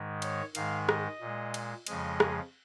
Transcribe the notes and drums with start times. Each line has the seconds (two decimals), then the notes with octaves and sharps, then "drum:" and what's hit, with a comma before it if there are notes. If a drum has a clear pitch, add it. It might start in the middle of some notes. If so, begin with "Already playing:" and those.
Already playing: G#2 D#3 G#3
0.22 C#5, drum: cymbal
0.55 G#2 D#3 G#3 F5, drum: cymbal
0.89 D#5, drum: rim click
1.21 A#2 G#3
1.54 drum: cymbal
1.87 F2 C#3 F3 G#3 D#5, drum: cymbal
2.20 drum: rim click